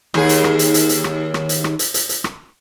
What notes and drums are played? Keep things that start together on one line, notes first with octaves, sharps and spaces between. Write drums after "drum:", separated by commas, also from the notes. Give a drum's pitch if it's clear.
D#2 G#4, drum: rim click
drum: hi-hat
drum: rim click
drum: hi-hat
drum: hi-hat
drum: hi-hat
drum: rim click
drum: rim click
drum: hi-hat
drum: rim click
drum: hi-hat
drum: hi-hat
drum: hi-hat
drum: rim click